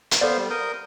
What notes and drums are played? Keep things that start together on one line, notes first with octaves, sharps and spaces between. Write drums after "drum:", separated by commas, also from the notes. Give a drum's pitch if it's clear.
drum: hi-hat
B3 A4 C5 D5 F5
G3
A#4 D#6 G6